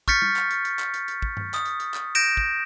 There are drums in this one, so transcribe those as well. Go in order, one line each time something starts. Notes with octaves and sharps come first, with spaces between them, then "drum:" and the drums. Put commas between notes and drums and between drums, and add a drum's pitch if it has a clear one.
C#6 F6 G6 A6 B6 C#7, drum: kick, hi-hat
drum: tom G3
drum: clap
drum: hi-hat
drum: hi-hat
drum: clap
drum: hi-hat
drum: hi-hat
drum: kick
drum: tom G2
D#6, drum: clap
drum: hi-hat
drum: hi-hat
drum: clap
G6 A#6 D7 E7
drum: kick